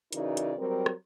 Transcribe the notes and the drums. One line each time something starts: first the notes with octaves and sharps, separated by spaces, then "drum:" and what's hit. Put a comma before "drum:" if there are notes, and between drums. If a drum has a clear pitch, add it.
C#3 E3 D#4 F#4 A#4 D5, drum: hi-hat
drum: hi-hat
F#3 G3 C4 A#4
drum: rim click